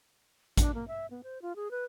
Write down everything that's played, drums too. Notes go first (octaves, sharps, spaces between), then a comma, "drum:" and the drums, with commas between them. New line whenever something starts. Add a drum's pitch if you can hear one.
D4, drum: kick A1, hi-hat
A#3
E5
B3
C5
F4
G#4
B4